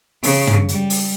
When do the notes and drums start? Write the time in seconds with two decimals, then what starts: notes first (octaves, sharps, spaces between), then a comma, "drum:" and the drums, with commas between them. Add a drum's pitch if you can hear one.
0.23 C#3, drum: open hi-hat
0.47 drum: tom
0.69 G3, drum: hi-hat
0.90 drum: open hi-hat